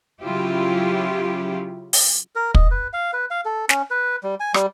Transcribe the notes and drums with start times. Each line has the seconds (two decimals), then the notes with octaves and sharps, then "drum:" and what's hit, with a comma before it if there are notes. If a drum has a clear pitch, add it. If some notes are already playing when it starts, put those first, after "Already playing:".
0.22 C#3 F#3 E4 F4 G4
1.93 drum: open hi-hat
2.36 A#4
2.55 D#5, drum: kick
2.71 B4
2.93 F5
3.13 B4
3.31 F5
3.45 A4
3.69 C#4, drum: snare
3.91 B4
4.23 G3
4.40 G#5
4.54 G3, drum: rim click